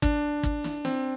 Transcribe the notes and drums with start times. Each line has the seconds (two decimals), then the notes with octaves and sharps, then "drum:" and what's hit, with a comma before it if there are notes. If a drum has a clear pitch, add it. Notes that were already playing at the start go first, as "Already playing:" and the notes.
0.02 D4, drum: kick
0.43 drum: kick
0.64 drum: snare
0.85 C4, drum: snare